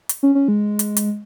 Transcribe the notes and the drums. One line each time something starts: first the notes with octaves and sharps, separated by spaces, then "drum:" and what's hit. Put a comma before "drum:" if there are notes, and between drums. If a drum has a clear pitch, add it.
drum: hi-hat
C#4
C#4
G#3
drum: hi-hat
drum: hi-hat